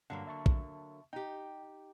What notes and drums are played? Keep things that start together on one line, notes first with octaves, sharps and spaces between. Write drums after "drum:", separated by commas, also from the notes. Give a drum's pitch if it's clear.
G2 D3 F#3 A#3 F5 F#5
E5 A5 C#6
drum: kick
D#4 G4 G5